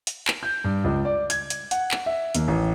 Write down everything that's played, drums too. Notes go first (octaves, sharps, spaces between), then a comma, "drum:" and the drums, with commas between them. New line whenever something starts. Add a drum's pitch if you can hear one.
drum: hi-hat
drum: clap
G6
G2
C#2
D5
G#6, drum: hi-hat
drum: hi-hat
F#5, drum: hi-hat
drum: clap
E5
D#2, drum: hi-hat
A1